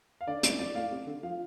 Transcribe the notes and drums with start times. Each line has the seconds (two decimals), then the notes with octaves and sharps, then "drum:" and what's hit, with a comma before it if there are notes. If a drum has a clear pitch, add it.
0.21 F5
0.27 D3 D5
0.43 A2, drum: hi-hat
0.59 F2 D5
0.75 A2 F5
0.91 C3
1.07 D3
1.23 F3 F5